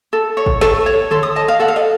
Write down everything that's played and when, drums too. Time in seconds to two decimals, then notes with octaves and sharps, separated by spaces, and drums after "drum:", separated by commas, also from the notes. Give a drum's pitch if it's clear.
0.13 A4
0.37 C#5
0.46 drum: kick
0.61 A4 C#6, drum: snare
0.86 C#5
1.11 A4 C6, drum: tom D3
1.23 D#6
1.36 D#5 A5
1.48 F5
1.60 A4 F#5
1.68 F5
1.76 D#5